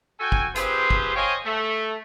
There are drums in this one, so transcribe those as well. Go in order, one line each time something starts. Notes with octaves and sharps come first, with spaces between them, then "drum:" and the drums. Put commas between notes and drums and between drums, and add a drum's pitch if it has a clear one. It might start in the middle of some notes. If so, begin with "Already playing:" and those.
F#4 A4 G5 G#5
drum: kick
C4 F4 G4 G#4 B4 C5, drum: hi-hat
drum: kick
C5 C#5 D#5 F5 G5 G#5
A3